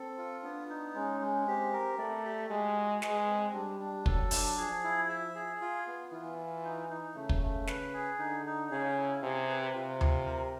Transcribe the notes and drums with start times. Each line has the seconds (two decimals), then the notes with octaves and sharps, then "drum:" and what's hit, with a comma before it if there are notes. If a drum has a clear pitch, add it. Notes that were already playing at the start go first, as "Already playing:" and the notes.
Already playing: C4 A4
0.18 F4
0.43 B3 D4
0.70 D#4
0.95 G#3 C#4
1.20 G#3
1.47 C4 G4
1.73 A#4
1.99 A3 D5
2.25 G4
2.50 G#3 F#4
2.76 F#4
3.02 G#3 B4, drum: snare
3.28 C4
3.54 G3 D4
3.80 D4
4.06 F#3 A4, drum: kick
4.31 D4, drum: open hi-hat
4.57 F3 G#4
4.84 E4
5.09 E5
5.35 G#4
5.61 F4
5.87 B3
6.12 E3 F4
6.38 F4
6.64 D#4
6.90 D#4
7.15 C#3 A3
7.29 drum: kick
7.42 A3
7.68 B4, drum: snare
7.94 G#4
8.19 D3 D#4
8.46 D#4
8.71 C#3 G#4
8.97 E4
9.23 C3 G#4
9.48 B4
9.75 C3 F4
10.01 F4, drum: tom D2
10.26 A#4